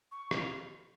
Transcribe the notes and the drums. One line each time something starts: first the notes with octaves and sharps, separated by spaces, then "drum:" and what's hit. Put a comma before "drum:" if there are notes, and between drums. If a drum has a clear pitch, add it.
C#6
F5, drum: rim click